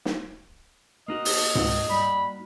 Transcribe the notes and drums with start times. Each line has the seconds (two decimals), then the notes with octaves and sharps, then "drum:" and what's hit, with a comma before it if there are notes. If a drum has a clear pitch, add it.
0.05 drum: snare
1.08 A#3 D#4 F#4 D#5
1.25 drum: open hi-hat
1.55 C#2, drum: tom G#2
1.90 G3 B5